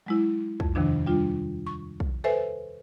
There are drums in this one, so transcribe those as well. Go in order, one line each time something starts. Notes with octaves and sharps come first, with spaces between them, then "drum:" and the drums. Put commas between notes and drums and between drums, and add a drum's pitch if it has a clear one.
F#3 G#3 E4
F2, drum: kick
D#2 C3 D#3 F3 D4
G3 D4 F4
C#6
drum: kick
A4 B4 C5 E5 G#5